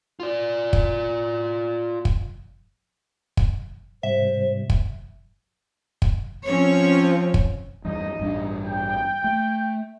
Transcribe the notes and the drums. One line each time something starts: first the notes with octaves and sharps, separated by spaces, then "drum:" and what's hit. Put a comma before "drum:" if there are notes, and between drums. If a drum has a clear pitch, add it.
F4 D5
drum: kick
drum: kick
drum: kick
G#2 C3 G3 C5 E5
drum: kick
drum: kick
F3 C4 C#4 C#5
drum: kick
E2 G2 D#4 D#5
A1 G2 D4
G5
A3